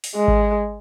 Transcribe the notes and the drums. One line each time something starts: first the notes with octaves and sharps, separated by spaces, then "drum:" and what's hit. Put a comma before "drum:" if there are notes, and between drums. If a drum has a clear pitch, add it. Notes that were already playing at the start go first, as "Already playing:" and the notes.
drum: open hi-hat
G#3
drum: kick G#1